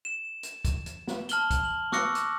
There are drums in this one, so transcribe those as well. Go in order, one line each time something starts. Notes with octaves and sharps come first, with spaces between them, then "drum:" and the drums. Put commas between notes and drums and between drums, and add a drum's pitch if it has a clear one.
E7
drum: hi-hat
drum: kick, hi-hat
drum: hi-hat
drum: snare
A5 F6 F#7 G7, drum: hi-hat
drum: kick, hi-hat
F#7
C#6 D6 E6 F#6 A#6 C#7, drum: snare
drum: hi-hat